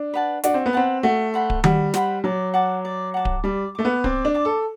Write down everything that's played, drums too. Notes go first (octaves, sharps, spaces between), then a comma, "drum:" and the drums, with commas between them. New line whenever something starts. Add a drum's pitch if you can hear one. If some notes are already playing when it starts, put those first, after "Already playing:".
Already playing: D4
B4 F#5 A5
D4 F#4, drum: hi-hat
C4
B3
C4 B4 F#5 A5
A3 F#4
C5 F#5 B5
drum: kick D1
G3 F#4, drum: tom D#3
C5 F#5 B5, drum: snare
F#3 D5
F#5 A5 D6
D5
F#5 A5 D6
drum: kick D1
G3 D5
A3 A5 D6
B3
C4 D5, drum: kick D1
D4
A5 D6
A4